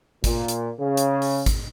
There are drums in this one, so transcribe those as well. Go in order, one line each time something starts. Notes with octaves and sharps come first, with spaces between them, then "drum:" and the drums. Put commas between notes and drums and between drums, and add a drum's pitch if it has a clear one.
A#2, drum: kick G#1, hi-hat
drum: hi-hat
C#3
drum: hi-hat
drum: open hi-hat
drum: kick G#1, hi-hat